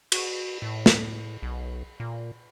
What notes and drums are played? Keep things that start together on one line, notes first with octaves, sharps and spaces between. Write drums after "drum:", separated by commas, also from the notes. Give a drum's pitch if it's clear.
F#4, drum: cymbal
A2
drum: snare
B1
A#2